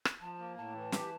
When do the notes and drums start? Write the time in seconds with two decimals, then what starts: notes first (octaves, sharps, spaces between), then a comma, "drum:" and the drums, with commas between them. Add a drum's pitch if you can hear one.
0.05 drum: rim click
0.21 F3 A5
0.39 A#3
0.57 A2 A5
0.74 E3
0.92 G4, drum: snare